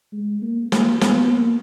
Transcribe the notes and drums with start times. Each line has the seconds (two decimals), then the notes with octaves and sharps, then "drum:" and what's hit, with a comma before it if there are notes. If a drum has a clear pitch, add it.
0.12 G#3
0.42 A#3
0.72 A#3, drum: snare
1.01 B3, drum: snare
1.31 A#3